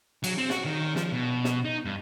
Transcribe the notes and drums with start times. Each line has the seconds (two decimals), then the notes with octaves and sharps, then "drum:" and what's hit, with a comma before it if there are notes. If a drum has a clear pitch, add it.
0.24 F#3, drum: cymbal
0.38 C4
0.50 F#4, drum: snare
0.65 D#3
0.96 F3, drum: snare
1.12 B2
1.44 drum: snare
1.65 D#4
1.85 G2